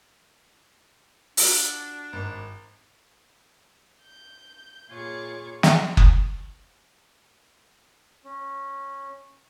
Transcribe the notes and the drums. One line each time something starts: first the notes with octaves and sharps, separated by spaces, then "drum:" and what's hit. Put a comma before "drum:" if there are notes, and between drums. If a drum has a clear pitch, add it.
D4 F4 F#4, drum: open hi-hat
G#1
G6
A#2 F4 G#4 C#5 C#6 D6
drum: snare
drum: kick F#1
C#4